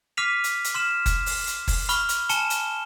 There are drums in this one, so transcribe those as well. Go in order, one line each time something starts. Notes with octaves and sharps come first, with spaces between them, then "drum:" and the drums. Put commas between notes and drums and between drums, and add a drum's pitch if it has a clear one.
D6 F6 B6 C7 D#7 F7
drum: hi-hat
drum: hi-hat
C6 F6 E7
drum: kick, hi-hat
drum: open hi-hat
drum: hi-hat
drum: kick, open hi-hat
B5 C#6 F6 G7, drum: hi-hat
drum: hi-hat
G#5 A5 C#7 E7 G7, drum: hi-hat
drum: hi-hat